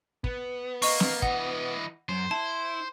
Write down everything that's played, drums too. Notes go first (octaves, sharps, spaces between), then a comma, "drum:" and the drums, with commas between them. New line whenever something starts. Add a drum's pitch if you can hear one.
B3, drum: kick
A#3 D#5 C#6, drum: open hi-hat
drum: snare
E3 D#5 F#5, drum: kick
F#2 C5
E4 A5